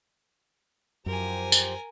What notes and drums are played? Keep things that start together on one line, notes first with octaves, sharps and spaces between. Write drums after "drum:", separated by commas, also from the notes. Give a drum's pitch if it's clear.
F#2 F3 G4 A#4 C5 G#5
drum: tambourine